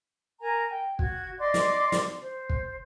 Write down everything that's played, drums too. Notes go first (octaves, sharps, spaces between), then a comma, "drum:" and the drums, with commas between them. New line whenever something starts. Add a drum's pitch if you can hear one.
A#4 G#5 A#5
G5
F#4 G#6, drum: kick
D5 D#5 C6 D6
drum: snare
drum: snare
C5
drum: kick